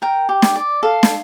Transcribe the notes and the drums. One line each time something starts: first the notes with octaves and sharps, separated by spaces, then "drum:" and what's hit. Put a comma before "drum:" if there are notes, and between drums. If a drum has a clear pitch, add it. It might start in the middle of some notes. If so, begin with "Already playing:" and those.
A#4 G5
G4
drum: snare
D5
A4 F5
drum: snare